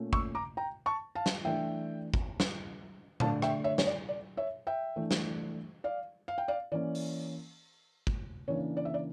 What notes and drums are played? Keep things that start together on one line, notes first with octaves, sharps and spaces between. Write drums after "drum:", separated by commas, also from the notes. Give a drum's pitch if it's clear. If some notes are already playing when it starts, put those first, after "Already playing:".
Already playing: A#2 A3 C#4
C#6 E6, drum: kick
A#5 D6
G5 A#5
A5 C#6
F5 A5
drum: snare
E3 A3 D4 E5 G5
drum: kick
drum: snare
D3 A3 D4 F5 A5, drum: tom A#2
E5 G5, drum: rim click
C#5 E5
C#5, drum: snare
D5
D5
C#5 E5
E5 G5
E3 A3 D4
drum: snare
D5 F5
F5
G5
D5 F5
E3 A#3 C#4 D5
drum: open hi-hat
drum: kick
C#3 E3 A#3 D4 C#5
D5
E5
D5